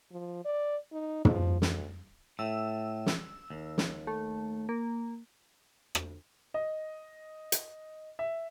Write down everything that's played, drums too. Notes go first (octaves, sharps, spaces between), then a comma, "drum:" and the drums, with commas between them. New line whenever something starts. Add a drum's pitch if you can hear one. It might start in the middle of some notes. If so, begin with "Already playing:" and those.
F3
D5
D#4
F3, drum: tom
D2, drum: snare
A2 E6
drum: snare
D#2
drum: snare
A3
A#3
drum: rim click
D#5
drum: hi-hat
E5